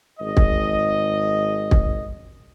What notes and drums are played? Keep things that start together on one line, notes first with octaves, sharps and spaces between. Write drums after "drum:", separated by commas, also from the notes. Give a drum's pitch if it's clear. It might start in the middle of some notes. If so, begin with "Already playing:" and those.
G#1 G#3 D#5
drum: kick
drum: kick